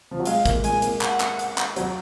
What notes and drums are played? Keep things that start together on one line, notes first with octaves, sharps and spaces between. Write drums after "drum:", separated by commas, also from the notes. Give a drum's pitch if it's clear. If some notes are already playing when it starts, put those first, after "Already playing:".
F3
F#3
G#3 F5, drum: hi-hat
A#3, drum: kick, hi-hat
G#3 G#5, drum: hi-hat
A#3, drum: hi-hat
F#5, drum: clap
drum: clap
drum: hi-hat
drum: clap
F#3, drum: hi-hat